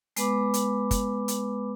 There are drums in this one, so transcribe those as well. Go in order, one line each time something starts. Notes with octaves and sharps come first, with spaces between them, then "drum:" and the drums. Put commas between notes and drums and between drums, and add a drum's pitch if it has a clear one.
G#3 B3 B4 B5 D6, drum: hi-hat
drum: hi-hat
drum: kick, hi-hat
drum: hi-hat